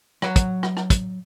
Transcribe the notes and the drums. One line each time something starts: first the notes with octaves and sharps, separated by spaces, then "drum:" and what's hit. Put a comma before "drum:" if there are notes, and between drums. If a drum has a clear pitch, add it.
F#3 C#5 F#5, drum: rim click
drum: kick, hi-hat
drum: rim click
drum: rim click
drum: kick, hi-hat